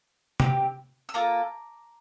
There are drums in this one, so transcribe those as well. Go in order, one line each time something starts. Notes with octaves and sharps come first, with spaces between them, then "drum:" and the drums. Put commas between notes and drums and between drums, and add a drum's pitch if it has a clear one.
C4 G4, drum: tom
E6
A#3 F4 A4 A#5 D6